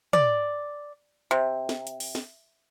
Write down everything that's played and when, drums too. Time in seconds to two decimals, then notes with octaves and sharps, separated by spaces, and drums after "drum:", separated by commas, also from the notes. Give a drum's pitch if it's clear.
0.13 D5, drum: tom
1.31 C3
1.69 drum: snare
1.87 drum: hi-hat
2.00 drum: open hi-hat
2.15 drum: snare